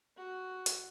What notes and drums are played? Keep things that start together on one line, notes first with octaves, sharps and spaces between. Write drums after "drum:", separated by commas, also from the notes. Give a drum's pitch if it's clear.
F#4
drum: hi-hat